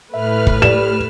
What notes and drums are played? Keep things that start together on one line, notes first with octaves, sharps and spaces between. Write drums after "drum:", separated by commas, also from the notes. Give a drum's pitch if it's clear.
A2 A3 B4 E5 F6
drum: kick
G4 D5 E7